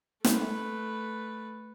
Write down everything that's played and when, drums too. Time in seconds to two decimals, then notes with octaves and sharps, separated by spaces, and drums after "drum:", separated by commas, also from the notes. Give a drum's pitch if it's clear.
0.24 A3 B4, drum: snare